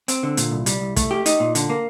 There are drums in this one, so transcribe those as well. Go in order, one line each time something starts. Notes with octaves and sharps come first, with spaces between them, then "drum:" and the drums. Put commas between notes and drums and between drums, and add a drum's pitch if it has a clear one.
C4, drum: hi-hat
D3
A#2, drum: hi-hat
C2
G3, drum: hi-hat
C2
A3, drum: kick, hi-hat
G4
D#4, drum: hi-hat
A#2
D3, drum: hi-hat
A#3